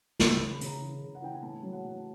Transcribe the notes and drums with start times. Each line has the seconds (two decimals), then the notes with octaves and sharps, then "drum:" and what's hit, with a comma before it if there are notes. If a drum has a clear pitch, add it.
0.19 C#3 B5, drum: snare
0.35 B5
0.41 E3
0.50 B5
0.61 C#3, drum: hi-hat
0.66 A#5
0.81 E3
1.02 C#3
1.15 F#5
1.22 E3 G5
1.33 G#5
1.42 A2 A5
1.63 F#3
1.73 F#5
1.84 A2